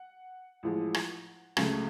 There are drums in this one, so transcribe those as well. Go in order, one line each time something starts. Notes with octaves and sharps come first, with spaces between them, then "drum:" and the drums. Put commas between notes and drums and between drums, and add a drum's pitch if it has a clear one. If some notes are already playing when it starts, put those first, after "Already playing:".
Already playing: F#5
A1 A2 F3 G#3
drum: rim click
C#2 C#3 F#3 A3, drum: rim click